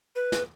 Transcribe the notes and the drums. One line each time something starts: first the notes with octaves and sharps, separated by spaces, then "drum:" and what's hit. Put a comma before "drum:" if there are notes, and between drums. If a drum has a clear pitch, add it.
B4
drum: snare